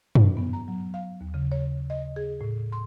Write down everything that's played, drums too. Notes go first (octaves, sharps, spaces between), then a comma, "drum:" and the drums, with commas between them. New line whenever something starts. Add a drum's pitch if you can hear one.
F#3, drum: tom
B3
A#5
F#3
F5
D#2
C#3
C#5
D#5
G#4
A2
C6